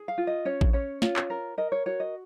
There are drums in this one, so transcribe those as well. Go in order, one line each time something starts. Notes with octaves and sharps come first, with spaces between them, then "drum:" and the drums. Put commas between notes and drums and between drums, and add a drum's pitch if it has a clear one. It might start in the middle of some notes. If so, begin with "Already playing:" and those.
Already playing: G#4
F5
F4
D#5
C#4 C#5
drum: kick A1
C#4 C#5
F4 C#5, drum: snare
drum: clap
A#4
A#4 D#5
C#5
F#4 C#5
D#5